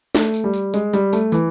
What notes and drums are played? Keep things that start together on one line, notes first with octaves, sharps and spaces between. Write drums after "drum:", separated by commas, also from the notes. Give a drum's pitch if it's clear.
A3, drum: snare
drum: tambourine
G3
drum: tambourine
G#3, drum: tambourine
G3, drum: tambourine
A3, drum: tambourine
E3, drum: tambourine